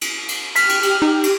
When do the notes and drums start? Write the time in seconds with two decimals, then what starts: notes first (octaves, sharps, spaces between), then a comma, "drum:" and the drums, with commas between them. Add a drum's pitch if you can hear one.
0.01 drum: cymbal
0.28 drum: cymbal
0.56 G4 F6 B6, drum: cymbal
0.69 drum: cymbal
0.83 drum: cymbal
1.02 D#4
1.23 drum: cymbal